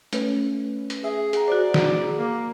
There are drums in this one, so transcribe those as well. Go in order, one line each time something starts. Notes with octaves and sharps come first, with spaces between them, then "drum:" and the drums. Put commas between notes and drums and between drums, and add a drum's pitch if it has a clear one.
A3 C#4 B4, drum: hi-hat
drum: hi-hat
G#4 E5
G#4 F#5 A#5, drum: hi-hat
F#4 C5 D5
drum: snare
A#3